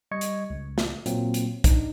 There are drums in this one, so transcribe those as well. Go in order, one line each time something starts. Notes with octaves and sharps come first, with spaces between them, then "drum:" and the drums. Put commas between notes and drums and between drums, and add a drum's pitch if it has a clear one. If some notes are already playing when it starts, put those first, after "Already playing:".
G3 D#5 C#6 G#6 C#7
drum: hi-hat
C#2
drum: snare
A#2 F#3 A#3 C4, drum: hi-hat
drum: hi-hat
D4 D#4, drum: kick, hi-hat